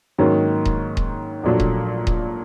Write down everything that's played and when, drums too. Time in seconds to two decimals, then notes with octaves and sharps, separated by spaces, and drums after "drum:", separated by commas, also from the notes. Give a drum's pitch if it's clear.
0.18 G#2 D#3 F#3 A#3 C#4
0.65 drum: kick D#1
0.97 drum: kick D#1
1.43 A#1 A#2 F#3 A3 D4
1.60 drum: kick D#1
2.07 drum: kick D#1